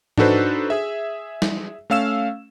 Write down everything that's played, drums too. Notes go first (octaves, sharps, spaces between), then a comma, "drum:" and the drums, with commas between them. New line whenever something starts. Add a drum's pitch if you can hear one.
D4 D#4 F#4 A4 B4 C5, drum: tom G#2
G#4 E5
drum: snare
A3 C#4 F5 E6 E7